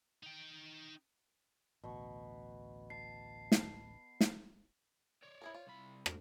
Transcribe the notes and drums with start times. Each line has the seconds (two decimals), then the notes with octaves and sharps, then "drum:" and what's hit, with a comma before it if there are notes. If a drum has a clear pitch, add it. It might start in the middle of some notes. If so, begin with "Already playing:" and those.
0.23 D#4 G5
1.84 A1 D2 B2 C#6
2.90 A5 C7
3.52 drum: snare
4.21 drum: snare
5.23 C#5 D5
5.42 E4 G#4 A#4
5.54 F4
5.67 C2 B5
6.06 G#2 A#4, drum: rim click